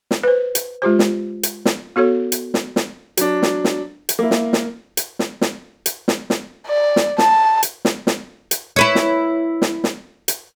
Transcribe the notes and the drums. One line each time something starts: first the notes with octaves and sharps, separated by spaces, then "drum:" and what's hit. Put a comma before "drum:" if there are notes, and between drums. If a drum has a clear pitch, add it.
drum: snare
B4 C5
drum: hi-hat
G#3 F4 G4 C5
drum: snare
drum: hi-hat
drum: snare
B3 F#4 A4 C#5
drum: hi-hat
drum: snare
drum: snare
F#3 D4, drum: hi-hat
drum: snare
drum: snare
drum: hi-hat
A#3 E4
drum: snare
drum: snare
drum: hi-hat
drum: snare
drum: snare
drum: hi-hat
drum: snare
drum: snare
D5
drum: snare
A5, drum: snare
drum: hi-hat
drum: snare
drum: snare
drum: hi-hat
E4 B4 C#5
drum: snare
drum: snare
drum: snare
drum: hi-hat